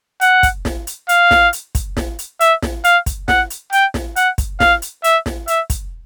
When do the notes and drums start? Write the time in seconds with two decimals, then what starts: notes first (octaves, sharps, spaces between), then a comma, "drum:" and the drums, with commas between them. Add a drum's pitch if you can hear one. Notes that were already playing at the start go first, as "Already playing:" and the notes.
0.21 F#5, drum: hi-hat
0.43 drum: kick, hi-hat
0.65 drum: snare
0.87 drum: hi-hat
1.09 F5, drum: hi-hat
1.31 drum: snare
1.53 drum: hi-hat
1.75 drum: kick, hi-hat
1.97 drum: snare
2.19 drum: hi-hat
2.41 E5, drum: hi-hat
2.62 drum: snare
2.84 F5, drum: hi-hat
3.06 drum: kick, hi-hat
3.28 F#5, drum: snare
3.50 drum: hi-hat
3.72 G5, drum: hi-hat
3.94 drum: snare
4.16 F#5, drum: hi-hat
4.38 drum: kick, hi-hat
4.60 F5, drum: snare
4.82 drum: hi-hat
5.04 E5, drum: hi-hat
5.26 drum: snare
5.48 E5, drum: hi-hat
5.70 drum: kick, hi-hat